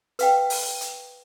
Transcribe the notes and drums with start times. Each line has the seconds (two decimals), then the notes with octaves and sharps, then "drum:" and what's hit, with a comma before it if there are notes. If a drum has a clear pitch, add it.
0.19 B4 F5 G5, drum: hi-hat
0.50 drum: open hi-hat
0.81 drum: hi-hat